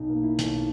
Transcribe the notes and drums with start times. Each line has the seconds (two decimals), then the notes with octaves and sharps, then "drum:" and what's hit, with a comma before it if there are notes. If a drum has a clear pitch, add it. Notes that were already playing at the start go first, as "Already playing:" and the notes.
Already playing: B1 D#4
0.09 A#3
0.24 E4
0.38 B1, drum: hi-hat